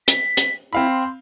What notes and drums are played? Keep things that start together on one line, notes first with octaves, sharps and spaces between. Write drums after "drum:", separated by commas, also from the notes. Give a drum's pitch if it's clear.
B6, drum: hi-hat
drum: hi-hat
C4 E4 F5 B5
C6